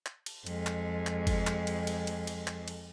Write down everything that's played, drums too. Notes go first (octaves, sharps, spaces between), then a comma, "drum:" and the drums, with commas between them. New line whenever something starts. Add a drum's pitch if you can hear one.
drum: clap
drum: cymbal
F2 G#3, drum: cymbal
drum: clap
drum: clap
drum: kick G1, cymbal
drum: clap
drum: cymbal
drum: cymbal
drum: cymbal
drum: cymbal
drum: clap
drum: cymbal